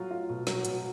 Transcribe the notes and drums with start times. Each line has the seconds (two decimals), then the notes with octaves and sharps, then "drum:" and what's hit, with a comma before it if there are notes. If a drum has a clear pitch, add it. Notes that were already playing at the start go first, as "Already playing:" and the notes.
Already playing: F#3 F4
0.11 F4
0.29 B2
0.47 F#3, drum: snare
0.65 B2, drum: hi-hat